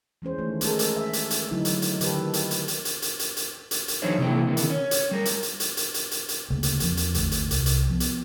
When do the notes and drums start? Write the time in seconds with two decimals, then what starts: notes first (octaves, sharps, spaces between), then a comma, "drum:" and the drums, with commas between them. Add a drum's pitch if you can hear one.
0.22 E3 G#3 C#4 C5
0.38 D#3 A3
0.61 G#3 A4 A#4, drum: hi-hat
0.79 drum: hi-hat
0.96 E5
1.13 drum: hi-hat
1.30 drum: hi-hat
1.51 D3 F#3 D#4 E4
1.65 drum: hi-hat
1.82 drum: hi-hat
2.01 D3 D#3 G4 A4 B4, drum: hi-hat
2.33 drum: hi-hat
2.51 drum: hi-hat
2.68 drum: hi-hat
2.85 drum: hi-hat
3.02 drum: hi-hat
3.19 drum: hi-hat
3.37 drum: hi-hat
3.71 drum: hi-hat
3.88 drum: hi-hat
4.02 D3 E3 F#3 D#4 C5 C#5
4.18 C3 E3 A#3 E4 G5
4.47 C3 D#3 E3
4.57 drum: hi-hat
4.70 C#4
4.91 drum: hi-hat
5.11 G3 A#4
5.25 drum: hi-hat
5.43 drum: hi-hat
5.60 drum: hi-hat
5.77 drum: hi-hat
5.94 drum: hi-hat
6.11 drum: hi-hat
6.28 drum: hi-hat
6.50 D2 C#3 G#3 A#3
6.63 drum: hi-hat
6.80 E2 F3 C4, drum: hi-hat
6.97 drum: hi-hat
7.14 G#1 D#2 D3 A3, drum: hi-hat
7.32 drum: hi-hat
7.51 C2, drum: hi-hat
7.66 drum: hi-hat
7.90 F3 B3
8.00 drum: hi-hat